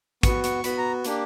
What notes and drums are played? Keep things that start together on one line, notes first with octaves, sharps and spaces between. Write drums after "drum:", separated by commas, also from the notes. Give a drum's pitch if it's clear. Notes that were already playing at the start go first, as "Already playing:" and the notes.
B3 F#4 C#6, drum: kick, hi-hat
C#6, drum: hi-hat
B3 F#4 B5, drum: hi-hat
A#5
A#3 D4 G4, drum: hi-hat